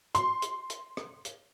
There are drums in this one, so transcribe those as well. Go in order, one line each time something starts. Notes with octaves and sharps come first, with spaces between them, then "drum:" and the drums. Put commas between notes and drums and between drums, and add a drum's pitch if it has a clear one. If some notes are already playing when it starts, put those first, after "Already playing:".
C6, drum: hi-hat
drum: hi-hat
drum: hi-hat
drum: rim click
drum: hi-hat